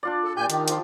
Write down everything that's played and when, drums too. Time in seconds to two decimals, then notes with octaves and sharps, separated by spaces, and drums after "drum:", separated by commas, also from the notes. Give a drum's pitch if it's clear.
0.03 D4 F4 D5
0.24 A4
0.37 A#2 G4 G#5 G6
0.50 D#3, drum: hi-hat
0.68 F3 C6, drum: hi-hat